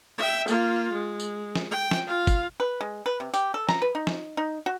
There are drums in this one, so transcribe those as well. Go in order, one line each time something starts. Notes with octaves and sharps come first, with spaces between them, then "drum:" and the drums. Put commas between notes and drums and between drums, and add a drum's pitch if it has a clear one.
E5 G5
A#3 F4, drum: tambourine
G#3
drum: tambourine
drum: snare
G5
drum: snare
F4 F5
drum: kick G1, tambourine
B4
G#3
B4
C3
G4, drum: tambourine
A4
A#5, drum: snare
B4
D#4
drum: snare
D#4
F#4